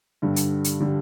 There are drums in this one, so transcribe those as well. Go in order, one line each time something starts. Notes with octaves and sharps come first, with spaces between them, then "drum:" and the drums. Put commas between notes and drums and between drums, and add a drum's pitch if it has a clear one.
G2 D3 G3
drum: hi-hat
drum: hi-hat
D3 G3